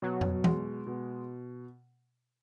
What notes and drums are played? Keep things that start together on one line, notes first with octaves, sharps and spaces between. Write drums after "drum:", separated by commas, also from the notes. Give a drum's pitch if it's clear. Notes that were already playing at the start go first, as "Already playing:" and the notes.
B2 F#3
drum: tom F2
G#3, drum: tom E3
B2